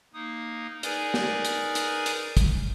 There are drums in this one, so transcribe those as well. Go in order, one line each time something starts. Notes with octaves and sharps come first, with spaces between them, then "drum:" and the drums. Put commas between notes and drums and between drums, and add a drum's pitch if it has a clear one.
A#3 D#4 D#6
D#4 G#4 A#4 B4 D5 G#5, drum: hi-hat
drum: snare
drum: hi-hat
drum: hi-hat
drum: hi-hat
drum: kick, hi-hat